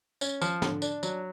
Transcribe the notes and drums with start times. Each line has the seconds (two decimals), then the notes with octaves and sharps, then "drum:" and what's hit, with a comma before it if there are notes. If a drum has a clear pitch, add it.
0.21 C#4, drum: tambourine
0.41 F3, drum: tambourine
0.62 D3, drum: snare
0.82 D4, drum: tambourine
1.03 F#3, drum: tambourine